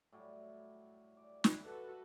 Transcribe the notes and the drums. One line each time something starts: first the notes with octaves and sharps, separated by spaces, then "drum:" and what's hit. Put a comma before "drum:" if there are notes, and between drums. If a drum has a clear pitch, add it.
A2 F#3 G3
D5
drum: snare
F#4 A4 B4